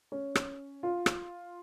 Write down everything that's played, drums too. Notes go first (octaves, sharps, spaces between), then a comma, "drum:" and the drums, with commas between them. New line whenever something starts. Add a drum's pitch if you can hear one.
C#4
drum: rim click
F4
drum: rim click